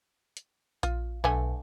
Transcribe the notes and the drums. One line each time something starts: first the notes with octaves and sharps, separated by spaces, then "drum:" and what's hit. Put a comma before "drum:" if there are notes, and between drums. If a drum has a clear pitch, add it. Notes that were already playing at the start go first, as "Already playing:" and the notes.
drum: hi-hat
F4, drum: kick A#1, hi-hat
B1 D3 A3 G#5